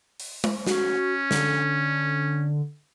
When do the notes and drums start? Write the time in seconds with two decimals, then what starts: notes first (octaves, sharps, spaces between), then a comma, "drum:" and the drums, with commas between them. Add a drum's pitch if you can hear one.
0.20 drum: open hi-hat
0.44 drum: tom G#3
0.67 C#4 F#4, drum: snare
1.31 D3, drum: snare